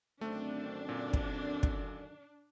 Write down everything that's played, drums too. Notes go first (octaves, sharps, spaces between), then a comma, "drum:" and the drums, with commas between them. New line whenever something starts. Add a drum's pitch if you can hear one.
F#2 D3 D#3 A3 C4 D4
A#2
drum: kick
drum: kick